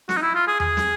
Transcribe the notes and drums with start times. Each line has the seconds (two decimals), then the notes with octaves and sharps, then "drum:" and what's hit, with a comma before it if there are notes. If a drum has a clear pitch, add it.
0.09 F#4, drum: snare
0.17 D#4
0.22 E4
0.35 F4
0.47 G#4
0.60 G#4, drum: tom E2
0.77 drum: snare